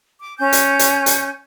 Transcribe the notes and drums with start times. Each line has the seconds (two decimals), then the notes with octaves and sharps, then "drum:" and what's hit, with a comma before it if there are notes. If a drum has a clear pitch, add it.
0.22 D6
0.39 C#4 G#5 G6
0.53 drum: hi-hat
0.79 drum: hi-hat
1.06 drum: hi-hat